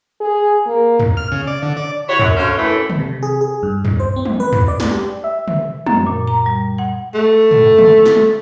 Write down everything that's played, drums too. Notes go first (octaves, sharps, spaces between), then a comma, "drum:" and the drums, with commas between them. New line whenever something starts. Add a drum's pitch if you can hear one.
G#4
A#3
drum: tom
F6
C#3
D5
D3
D5
E4 F#4 G4 C#5
F#2, drum: tom
D3 C#4 C5 C#5 F5
F#2 A2 E3 A3 E4
drum: tom
C3
G#4
G#4
G2
drum: tom
C5
C4
drum: tom
B4
drum: tom
D5
drum: snare
G4
E5
drum: tom
F#2, drum: tom
A#2
A#5
G3
F#5
A3
drum: tom
drum: tom
drum: snare